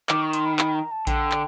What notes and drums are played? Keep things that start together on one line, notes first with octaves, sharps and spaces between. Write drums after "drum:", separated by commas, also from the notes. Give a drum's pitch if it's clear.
D#3 D6, drum: clap
C#6
C6, drum: hi-hat
B5
B5, drum: clap
A#5
A5
D3 G5, drum: kick A#1, hi-hat
drum: clap